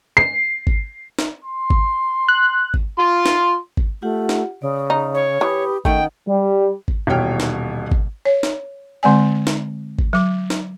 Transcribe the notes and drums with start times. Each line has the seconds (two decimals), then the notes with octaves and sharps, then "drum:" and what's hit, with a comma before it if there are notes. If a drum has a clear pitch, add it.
0.17 C7
0.67 drum: kick G#1
1.19 drum: snare
1.44 C6
1.70 drum: kick G#1
2.28 F#6
2.74 drum: kick G#1
2.99 F4 C6
3.26 drum: snare
3.77 drum: kick G#1
4.02 A3 F4 G4 F#5
4.29 drum: snare
4.62 C#3 D5 D#6
4.90 D#4
5.14 C#5
5.41 E3 G4 B4 B5 D#6
5.85 D#3 A3 C#4 D#5 F#5 G5, drum: kick G#1
6.28 G3
6.88 drum: kick G#1
7.07 D#1 B2 E3 C#5 G5 F6
7.40 drum: snare
7.91 drum: kick G#1
8.25 C#5
8.43 drum: snare
9.03 D3 G#3 C4 D5 G#5
9.47 drum: snare
9.99 drum: kick G#1
10.13 F#3 D6
10.50 drum: snare